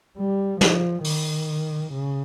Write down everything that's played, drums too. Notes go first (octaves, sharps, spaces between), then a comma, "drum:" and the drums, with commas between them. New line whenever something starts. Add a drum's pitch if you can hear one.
G3
F3, drum: snare
D#3, drum: open hi-hat
C#3